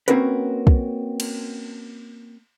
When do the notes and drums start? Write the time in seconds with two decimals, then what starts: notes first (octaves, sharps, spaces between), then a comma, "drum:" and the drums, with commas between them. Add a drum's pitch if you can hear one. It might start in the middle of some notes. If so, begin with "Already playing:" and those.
0.08 A#3 C4 C#4 F#4 A#4 B4, drum: hi-hat
0.67 drum: kick
1.20 drum: cymbal